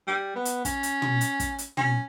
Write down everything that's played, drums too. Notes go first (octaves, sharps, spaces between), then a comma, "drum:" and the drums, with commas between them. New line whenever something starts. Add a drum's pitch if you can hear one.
G3
B3
drum: hi-hat
C#4, drum: kick, hi-hat
drum: hi-hat
drum: tom
drum: hi-hat
drum: kick, hi-hat
drum: hi-hat
C#4, drum: tom